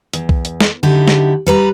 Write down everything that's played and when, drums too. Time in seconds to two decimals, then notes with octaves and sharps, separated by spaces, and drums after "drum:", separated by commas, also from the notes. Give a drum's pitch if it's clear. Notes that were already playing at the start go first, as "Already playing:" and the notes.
0.13 E2, drum: hi-hat
0.29 drum: kick B1
0.45 drum: hi-hat
0.60 drum: snare
0.83 D3 F#3 D#4 E4 G4
1.08 drum: snare
1.47 G3 B4 A#5